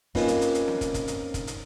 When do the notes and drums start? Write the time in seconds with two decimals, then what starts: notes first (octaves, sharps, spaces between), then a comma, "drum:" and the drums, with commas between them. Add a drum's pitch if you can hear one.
0.15 A#3 C4 C#4 D#4 F4 B4, drum: kick, open hi-hat
0.28 drum: hi-hat
0.41 drum: hi-hat
0.55 drum: hi-hat
0.68 drum: snare
0.81 drum: kick, hi-hat
0.94 drum: kick, hi-hat
1.08 drum: hi-hat
1.34 drum: kick, hi-hat
1.47 drum: hi-hat